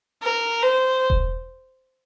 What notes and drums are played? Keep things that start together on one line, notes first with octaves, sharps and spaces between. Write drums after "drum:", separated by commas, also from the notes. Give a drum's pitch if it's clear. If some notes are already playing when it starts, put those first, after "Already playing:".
A#4
C5
drum: kick E1